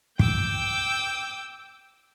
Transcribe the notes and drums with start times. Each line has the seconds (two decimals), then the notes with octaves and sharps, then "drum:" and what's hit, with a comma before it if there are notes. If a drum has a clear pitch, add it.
0.19 G5 D6 E6, drum: kick